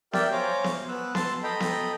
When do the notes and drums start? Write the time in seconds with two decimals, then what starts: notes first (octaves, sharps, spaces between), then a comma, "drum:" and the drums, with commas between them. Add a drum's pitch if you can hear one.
0.13 G4 A#4 D5 E5 G5, drum: snare B3
0.32 C5 C#5 F5 G#5 A#5 D6
0.64 drum: snare B3
0.88 B3 E6 F#6
1.15 A5 C6, drum: snare B3
1.43 A4 D#5 G5 A#5 B5
1.60 drum: snare B3